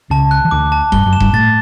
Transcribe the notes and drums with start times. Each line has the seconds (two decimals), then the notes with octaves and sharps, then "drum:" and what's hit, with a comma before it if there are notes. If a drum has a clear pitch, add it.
0.10 C#2 C#3 A5
0.31 F#6
0.45 E3
0.51 D2 D3 D6
0.72 A5
0.92 G2 G3 G7, drum: kick E1
1.06 F#2 F#3
1.13 E7
1.20 G2 G3, drum: kick E1
1.33 A2 A3 A6